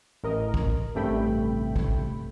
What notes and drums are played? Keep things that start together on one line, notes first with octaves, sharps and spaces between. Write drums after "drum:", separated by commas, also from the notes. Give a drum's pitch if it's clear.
A1 A#4 D#5
drum: kick
A1 G2 C3 A3 G5 B5
drum: kick